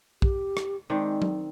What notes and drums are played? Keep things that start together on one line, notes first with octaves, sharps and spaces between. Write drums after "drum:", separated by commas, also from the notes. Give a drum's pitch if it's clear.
G4, drum: kick
drum: rim click
D#3 G#3 C4 D4
drum: tom F#3